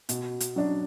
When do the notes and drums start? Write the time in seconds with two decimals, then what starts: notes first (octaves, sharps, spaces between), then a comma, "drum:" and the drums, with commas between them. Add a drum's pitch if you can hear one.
0.09 B2, drum: hi-hat
0.40 drum: hi-hat
0.56 F#3 D4